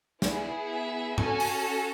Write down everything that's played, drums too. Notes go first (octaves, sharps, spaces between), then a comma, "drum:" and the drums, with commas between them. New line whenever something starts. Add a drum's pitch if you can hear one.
B3 E4 G#4, drum: snare
E5
C#4 F#4 A4 G#5, drum: tom G#2
drum: open hi-hat